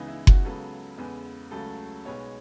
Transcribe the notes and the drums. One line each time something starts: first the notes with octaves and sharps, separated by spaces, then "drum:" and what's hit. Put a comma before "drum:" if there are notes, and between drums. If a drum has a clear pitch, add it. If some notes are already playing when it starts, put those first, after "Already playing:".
Already playing: C#2 C#3 E3 B3 D#4
E4
F#4, drum: kick F#1
C#2 C#3 F#3 B3 A4
E2 C#3 G#3 B3
C#2 C#3 F#3 A3 A4
B1 B2 G#3 B3 C#5